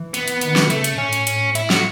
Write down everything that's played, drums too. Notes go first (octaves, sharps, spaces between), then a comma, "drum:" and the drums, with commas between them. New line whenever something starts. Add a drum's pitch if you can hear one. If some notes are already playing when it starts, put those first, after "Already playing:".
Already playing: E3
B3, drum: hi-hat
drum: hi-hat
D#3, drum: hi-hat
drum: snare
C#3 A3, drum: hi-hat
drum: hi-hat
A2 C#4
drum: hi-hat
drum: hi-hat
E4, drum: hi-hat
F#4, drum: snare